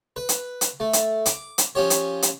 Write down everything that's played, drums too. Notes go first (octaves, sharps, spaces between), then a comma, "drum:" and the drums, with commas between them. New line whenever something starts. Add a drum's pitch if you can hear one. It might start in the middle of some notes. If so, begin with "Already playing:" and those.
B4
drum: hi-hat
drum: hi-hat
A3
drum: hi-hat
D6, drum: hi-hat
drum: hi-hat
F3 C#4 G4 C#5
drum: hi-hat
drum: hi-hat